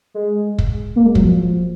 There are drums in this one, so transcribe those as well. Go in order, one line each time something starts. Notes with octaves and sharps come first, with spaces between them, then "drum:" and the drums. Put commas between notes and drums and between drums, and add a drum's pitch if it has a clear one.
G#3
drum: kick
A#3
G#3
F#3, drum: kick
F3